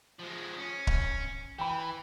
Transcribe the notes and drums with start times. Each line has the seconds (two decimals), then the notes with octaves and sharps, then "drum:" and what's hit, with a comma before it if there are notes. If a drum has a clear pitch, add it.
0.19 F3 G#3
0.57 C#4
0.87 drum: kick
1.59 E3 G5 B5